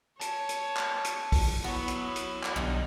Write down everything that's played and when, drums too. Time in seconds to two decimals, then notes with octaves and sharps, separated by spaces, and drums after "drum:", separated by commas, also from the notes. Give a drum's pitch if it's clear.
0.21 C#5 A5, drum: hi-hat
0.49 drum: hi-hat
0.77 drum: clap
1.04 drum: hi-hat
1.32 drum: kick, open hi-hat
1.64 B3 E4 F#4 C#5
1.88 drum: hi-hat
2.16 drum: hi-hat
2.44 drum: clap
2.56 B1 D3 D#3 G3 D#4